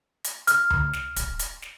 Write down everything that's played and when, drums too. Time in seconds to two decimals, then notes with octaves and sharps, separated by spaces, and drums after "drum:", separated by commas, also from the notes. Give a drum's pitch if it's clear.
0.24 drum: hi-hat
0.47 F6, drum: hi-hat
0.70 drum: tom D2
0.93 drum: snare
1.16 drum: kick, hi-hat
1.39 drum: hi-hat
1.62 drum: snare